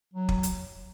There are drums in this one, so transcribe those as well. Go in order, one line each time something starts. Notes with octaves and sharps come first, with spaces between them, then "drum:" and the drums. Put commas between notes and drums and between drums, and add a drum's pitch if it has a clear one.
F#3
drum: kick
drum: hi-hat